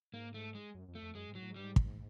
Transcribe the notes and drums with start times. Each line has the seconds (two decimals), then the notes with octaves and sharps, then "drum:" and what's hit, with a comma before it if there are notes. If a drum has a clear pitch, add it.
0.13 G#2 A#3
0.34 A3
0.55 G#3
0.74 F#2
0.88 F2
0.95 A3
1.02 F2
1.15 F#2 G#3
1.28 G#2
1.35 F#3
1.42 A2
1.50 G#2
1.56 G2 G3
1.63 G#2
1.76 drum: kick